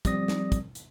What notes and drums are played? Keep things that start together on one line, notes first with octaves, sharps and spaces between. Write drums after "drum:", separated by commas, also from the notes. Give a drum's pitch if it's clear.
F3 G3 C4 D5 D#6 A#6, drum: kick, hi-hat
drum: snare
drum: kick, hi-hat
drum: hi-hat